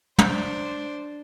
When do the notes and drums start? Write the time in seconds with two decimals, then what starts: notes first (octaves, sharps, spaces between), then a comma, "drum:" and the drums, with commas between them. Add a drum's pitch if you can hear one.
0.19 D4 C5, drum: tom